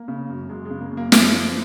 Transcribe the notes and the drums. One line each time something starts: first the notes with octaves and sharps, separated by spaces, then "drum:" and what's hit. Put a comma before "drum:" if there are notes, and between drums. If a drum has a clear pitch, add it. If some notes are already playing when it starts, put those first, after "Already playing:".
Already playing: A#3
C#3
F#2
F#2 G#3
C#3 G#3
A#3
F#2
A#3
F#2, drum: snare
F3